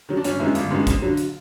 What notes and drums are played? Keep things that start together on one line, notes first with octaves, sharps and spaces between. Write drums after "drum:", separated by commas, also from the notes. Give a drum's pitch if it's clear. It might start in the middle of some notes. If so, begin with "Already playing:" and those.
D#3 F#3
D4
G1 C#4, drum: hi-hat
F#2 D#3 G#3 B3 E4
G1 F4, drum: hi-hat
F#2 D#3 G#3 B3
F2, drum: kick, hi-hat
D3 F#3
drum: hi-hat